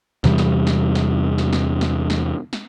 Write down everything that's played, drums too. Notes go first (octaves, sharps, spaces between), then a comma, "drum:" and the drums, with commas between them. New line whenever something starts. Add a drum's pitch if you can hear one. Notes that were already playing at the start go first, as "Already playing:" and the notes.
E2 C3 E3 G3, drum: snare
drum: snare
drum: snare
drum: snare
drum: snare
drum: snare
drum: snare
drum: snare
drum: snare